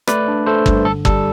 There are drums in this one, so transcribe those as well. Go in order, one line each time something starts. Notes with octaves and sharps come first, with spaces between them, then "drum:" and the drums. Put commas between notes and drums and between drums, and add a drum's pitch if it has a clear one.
A3 B4 D5, drum: rim click
D4
A3 A4 C5
G2, drum: kick G1
D3 A4
G3 A4, drum: kick G1